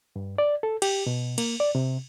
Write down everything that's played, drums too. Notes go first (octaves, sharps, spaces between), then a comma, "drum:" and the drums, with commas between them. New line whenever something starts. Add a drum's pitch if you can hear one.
G2
D5
A4
G4, drum: cymbal
B2
A#3, drum: cymbal
D5
C3